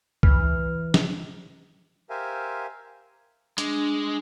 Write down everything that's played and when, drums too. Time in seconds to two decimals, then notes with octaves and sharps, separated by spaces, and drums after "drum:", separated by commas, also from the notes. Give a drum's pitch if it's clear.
0.23 E3 F6, drum: kick C2
0.94 drum: snare
2.10 G4 A#4 C5 E5 F5 G#5
3.58 G#3 D4, drum: hi-hat